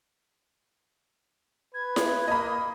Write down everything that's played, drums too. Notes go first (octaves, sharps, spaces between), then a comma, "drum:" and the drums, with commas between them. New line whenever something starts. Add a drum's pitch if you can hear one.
B4 G#6
drum: snare E4
A#3 D#5 B5